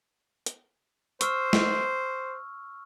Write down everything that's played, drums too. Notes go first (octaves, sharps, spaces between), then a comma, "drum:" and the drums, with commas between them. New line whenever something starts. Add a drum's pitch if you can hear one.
drum: hi-hat
C5 C#6 E6 F6, drum: hi-hat
drum: snare